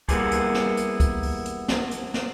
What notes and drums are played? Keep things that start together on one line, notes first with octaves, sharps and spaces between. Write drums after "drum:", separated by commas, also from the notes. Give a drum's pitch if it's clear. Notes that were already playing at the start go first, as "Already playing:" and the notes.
G3 A#3 B3 E4 G4 G#4, drum: kick, hi-hat
drum: hi-hat
drum: snare
drum: hi-hat
drum: kick, hi-hat
drum: open hi-hat
drum: hi-hat
drum: snare
drum: hi-hat
drum: snare